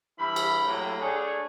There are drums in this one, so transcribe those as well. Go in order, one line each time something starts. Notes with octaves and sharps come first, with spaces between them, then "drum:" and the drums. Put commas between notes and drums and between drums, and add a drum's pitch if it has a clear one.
G2 E3 E4 B5
drum: cymbal
A2 F#3 A#3
A3 D4 G#4 C#5